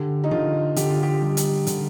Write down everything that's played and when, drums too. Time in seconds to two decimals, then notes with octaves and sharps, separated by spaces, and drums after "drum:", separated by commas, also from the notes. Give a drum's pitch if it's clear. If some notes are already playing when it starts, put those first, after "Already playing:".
Already playing: D3 G4
0.24 D#4
0.31 D3 F4
0.76 D3 G4, drum: hi-hat
0.90 F4
1.03 G4
1.22 G3
1.37 drum: hi-hat
1.67 D3, drum: hi-hat